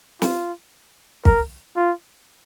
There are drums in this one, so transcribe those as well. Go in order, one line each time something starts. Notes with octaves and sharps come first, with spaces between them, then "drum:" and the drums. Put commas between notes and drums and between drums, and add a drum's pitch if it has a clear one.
F4, drum: snare
A#4, drum: kick
F4